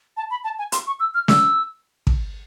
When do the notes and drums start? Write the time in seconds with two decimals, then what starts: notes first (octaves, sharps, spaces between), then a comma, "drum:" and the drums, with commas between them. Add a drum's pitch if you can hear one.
0.17 A5
0.30 B5
0.44 A5
0.59 G#5
0.72 C6, drum: hi-hat
0.86 C#6
1.00 E6
1.14 F6
1.28 E6, drum: snare
2.07 drum: kick